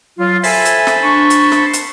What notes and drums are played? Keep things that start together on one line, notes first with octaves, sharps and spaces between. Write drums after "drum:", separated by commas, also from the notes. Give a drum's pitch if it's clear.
F#3 F4
A4 C5 E5 G#5 A5 B5, drum: open hi-hat
drum: hi-hat
drum: snare
D4 C#6
drum: hi-hat
drum: snare
drum: hi-hat